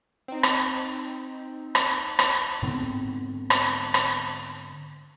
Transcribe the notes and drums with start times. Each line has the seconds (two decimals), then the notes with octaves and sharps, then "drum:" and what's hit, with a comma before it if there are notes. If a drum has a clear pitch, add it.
0.28 C4 D#4
0.43 drum: rim click
1.75 drum: rim click
2.19 drum: rim click
2.63 G#2 D3 B3 C4
3.50 drum: rim click
3.94 drum: rim click